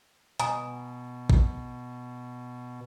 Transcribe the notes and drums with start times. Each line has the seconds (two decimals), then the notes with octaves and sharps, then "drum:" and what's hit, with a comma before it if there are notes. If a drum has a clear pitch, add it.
0.40 B2 G#5 A#5 D#6, drum: hi-hat
1.30 drum: kick